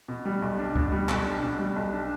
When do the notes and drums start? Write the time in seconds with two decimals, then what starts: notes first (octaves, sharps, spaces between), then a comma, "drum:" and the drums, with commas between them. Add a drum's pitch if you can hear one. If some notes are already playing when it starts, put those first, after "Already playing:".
0.08 B2
0.25 G3
0.42 B1
0.58 D4
0.76 B2, drum: kick C#2
0.92 G3
1.09 B1, drum: clap
1.26 D4
1.43 B2
1.59 G3
1.76 B1
1.93 D4